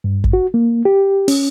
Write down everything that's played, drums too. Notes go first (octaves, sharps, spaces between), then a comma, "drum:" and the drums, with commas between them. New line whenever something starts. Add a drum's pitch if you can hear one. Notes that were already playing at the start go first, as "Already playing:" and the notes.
G2
drum: kick
F#4
A#3
G4
C#4, drum: open hi-hat